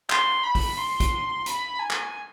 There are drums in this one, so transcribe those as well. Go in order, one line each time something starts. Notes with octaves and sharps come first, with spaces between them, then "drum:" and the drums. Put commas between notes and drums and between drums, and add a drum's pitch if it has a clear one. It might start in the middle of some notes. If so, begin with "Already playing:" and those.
C6, drum: clap
B5
drum: kick, open hi-hat
C6
drum: kick, hi-hat
B5, drum: hi-hat
G#5
drum: clap